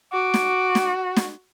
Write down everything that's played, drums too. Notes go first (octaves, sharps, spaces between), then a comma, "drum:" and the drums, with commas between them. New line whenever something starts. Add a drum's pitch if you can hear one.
F#4 D6
drum: snare
drum: snare
drum: snare